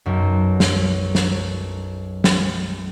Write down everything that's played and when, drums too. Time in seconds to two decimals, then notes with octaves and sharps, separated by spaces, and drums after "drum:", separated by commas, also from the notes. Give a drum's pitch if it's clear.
0.06 B1 F#2
0.60 drum: snare
1.15 drum: snare
2.24 drum: snare